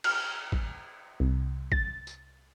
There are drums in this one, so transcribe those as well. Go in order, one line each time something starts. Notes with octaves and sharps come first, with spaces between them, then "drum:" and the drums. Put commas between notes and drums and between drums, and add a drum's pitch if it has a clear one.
F6, drum: cymbal
drum: kick
C2
A6, drum: kick
drum: tambourine